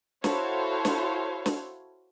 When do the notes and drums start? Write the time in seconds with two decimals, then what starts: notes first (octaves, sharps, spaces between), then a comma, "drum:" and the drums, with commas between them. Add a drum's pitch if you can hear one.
0.24 E4 F#4 A4 C5 C#5 F5, drum: snare
0.85 drum: snare
1.46 drum: snare